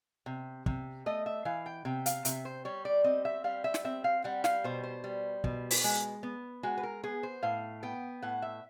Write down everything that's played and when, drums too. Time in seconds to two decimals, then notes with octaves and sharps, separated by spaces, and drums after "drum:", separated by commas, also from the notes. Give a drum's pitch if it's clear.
0.26 C3
0.66 C3, drum: kick
1.06 A3 D#5
1.26 E5
1.45 E3 F5
1.66 G5
1.85 C3 G5
2.06 F5, drum: hi-hat
2.25 C3 E5, drum: hi-hat
2.45 C5
2.65 G3 C#5
2.85 D5
3.04 C4 D#5
3.25 E5
3.44 G3 F5
3.64 E5
3.74 drum: snare
3.85 C4 E5
4.04 F5
4.24 G3 F#5
4.44 F5, drum: snare
4.64 B2 C5
4.84 C5
5.04 G3
5.44 B2, drum: kick
5.71 drum: open hi-hat
5.84 G#3
6.23 B3
6.63 G#3 F#4
6.77 B4
6.83 A#4
7.03 B3 G#4
7.23 C5
7.43 A2 F5
7.83 B3 G5
8.22 A2 F#5
8.42 E5